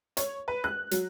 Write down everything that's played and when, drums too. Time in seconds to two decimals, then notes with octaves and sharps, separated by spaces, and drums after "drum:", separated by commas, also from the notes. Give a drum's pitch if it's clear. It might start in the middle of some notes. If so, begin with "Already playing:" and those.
0.17 C#5, drum: hi-hat
0.48 B4
0.64 F#6
0.91 F#3, drum: hi-hat